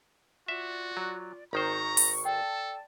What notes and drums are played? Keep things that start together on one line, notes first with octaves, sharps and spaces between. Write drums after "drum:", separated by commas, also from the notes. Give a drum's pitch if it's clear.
F4 F#4 D5 E5
F#3
G#1 D#3 C5 A#5 C#6
drum: open hi-hat
A4 D5 G5 A5